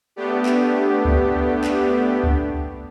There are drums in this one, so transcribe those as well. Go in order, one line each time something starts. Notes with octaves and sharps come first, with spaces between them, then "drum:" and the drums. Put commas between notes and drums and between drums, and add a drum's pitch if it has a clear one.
A3 B3 D4 G4
drum: clap
drum: kick C#2
drum: clap
drum: kick C#2